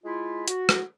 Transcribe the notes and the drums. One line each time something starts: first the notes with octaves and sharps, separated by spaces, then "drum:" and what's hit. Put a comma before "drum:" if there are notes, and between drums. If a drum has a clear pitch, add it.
G#3 E4 F4
F#4, drum: hi-hat
drum: rim click